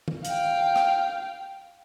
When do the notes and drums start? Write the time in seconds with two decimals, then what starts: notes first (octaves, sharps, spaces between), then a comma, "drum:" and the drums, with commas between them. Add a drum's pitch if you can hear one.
0.08 drum: tom D#3
0.25 F5 G5, drum: hi-hat
0.76 drum: rim click